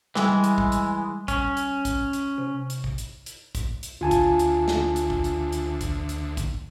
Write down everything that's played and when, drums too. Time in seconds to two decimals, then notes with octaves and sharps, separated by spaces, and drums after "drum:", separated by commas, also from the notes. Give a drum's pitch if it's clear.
0.15 E3 G3 G#3, drum: snare
0.44 drum: hi-hat
0.58 drum: kick A#1
0.72 drum: hi-hat
1.28 C#4, drum: kick A#1, hi-hat
1.57 drum: hi-hat
1.85 drum: kick A#1, hi-hat
2.13 drum: hi-hat
2.38 C3
2.70 drum: hi-hat
2.84 drum: kick A#1
2.98 drum: hi-hat
3.26 drum: hi-hat
3.55 drum: kick A#1, hi-hat
3.83 drum: hi-hat
4.01 D2 F4 G#5 A5
4.11 drum: kick A#1, hi-hat
4.39 drum: hi-hat
4.68 drum: snare
4.96 drum: hi-hat
5.10 drum: kick A#1
5.24 drum: hi-hat
5.53 drum: hi-hat
5.81 drum: kick A#1, hi-hat
6.09 drum: hi-hat
6.37 drum: kick A#1, hi-hat